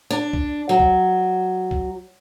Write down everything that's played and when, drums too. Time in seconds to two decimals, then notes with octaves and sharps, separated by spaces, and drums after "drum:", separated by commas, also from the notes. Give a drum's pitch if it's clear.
0.10 D4
0.33 drum: kick B1
0.69 F#3
0.79 drum: kick B1
1.71 drum: kick B1